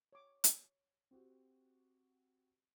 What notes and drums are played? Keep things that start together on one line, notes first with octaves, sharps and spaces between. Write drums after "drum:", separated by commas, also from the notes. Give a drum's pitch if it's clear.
C#5 D6
drum: hi-hat
C4 F#4 G4